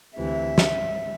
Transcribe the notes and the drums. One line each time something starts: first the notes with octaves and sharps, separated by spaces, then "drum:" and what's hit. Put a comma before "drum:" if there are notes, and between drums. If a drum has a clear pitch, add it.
D2 C3 E3 E5
drum: snare